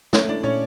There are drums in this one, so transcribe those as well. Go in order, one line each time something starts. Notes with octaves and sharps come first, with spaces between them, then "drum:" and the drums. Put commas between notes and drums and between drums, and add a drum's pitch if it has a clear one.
A3 C#4 C#5, drum: snare
D4 E4 D5
A#2 C#4 C#5